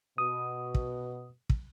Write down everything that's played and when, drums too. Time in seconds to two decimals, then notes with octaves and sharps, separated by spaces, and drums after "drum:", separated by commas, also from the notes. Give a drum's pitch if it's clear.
0.18 B2 D#6
0.75 drum: kick
1.50 drum: kick